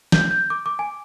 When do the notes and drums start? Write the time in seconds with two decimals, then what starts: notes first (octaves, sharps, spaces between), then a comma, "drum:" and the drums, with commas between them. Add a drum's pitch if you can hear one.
0.12 G6, drum: snare
0.31 G6
0.50 D6
0.66 D6
0.79 G#5